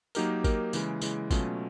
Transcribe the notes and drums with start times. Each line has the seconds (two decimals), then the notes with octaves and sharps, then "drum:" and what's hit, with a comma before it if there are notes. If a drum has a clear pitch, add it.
0.15 F#3 A#3 D#4 G4 A#4, drum: tambourine
0.44 F#3 A#3 D#4 G4 A#4, drum: kick G#1, tambourine
0.73 C#3 E3 G#3, drum: tambourine
1.01 C#3 E3 G#3, drum: tambourine
1.31 B2 F#3 A3 C#4 F4, drum: kick G#1, tambourine